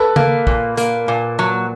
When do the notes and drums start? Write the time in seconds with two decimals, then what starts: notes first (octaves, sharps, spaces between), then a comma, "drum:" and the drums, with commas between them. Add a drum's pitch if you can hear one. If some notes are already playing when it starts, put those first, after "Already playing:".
Already playing: A4 B4
0.16 A#3, drum: tom C#3
0.47 A#2, drum: kick
0.77 A#3, drum: hi-hat
1.08 A#2
1.39 F#3